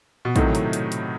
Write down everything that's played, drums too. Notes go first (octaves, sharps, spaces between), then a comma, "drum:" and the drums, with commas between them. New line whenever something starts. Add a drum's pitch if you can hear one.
B2
A2 C3 D#3 F#3 A3 D#4, drum: kick, hi-hat
drum: hi-hat
drum: hi-hat
drum: hi-hat